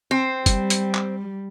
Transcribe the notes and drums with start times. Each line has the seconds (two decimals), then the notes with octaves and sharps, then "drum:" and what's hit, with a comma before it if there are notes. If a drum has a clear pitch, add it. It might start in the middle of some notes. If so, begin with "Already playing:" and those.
0.11 C4
0.46 G3, drum: kick, hi-hat
0.70 drum: hi-hat
0.95 drum: clap